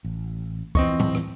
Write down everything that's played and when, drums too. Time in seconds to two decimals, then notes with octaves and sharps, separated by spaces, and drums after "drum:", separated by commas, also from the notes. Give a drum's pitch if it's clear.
0.05 A1
0.75 E2 E3 F3 C4 D#5 C#6, drum: kick
1.00 drum: tom A2
1.15 drum: rim click